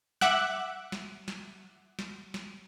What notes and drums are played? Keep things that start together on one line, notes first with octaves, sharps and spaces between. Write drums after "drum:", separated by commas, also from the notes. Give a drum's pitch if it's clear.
E5 F#5 D6 F#6, drum: snare
drum: snare
drum: snare
drum: snare
drum: snare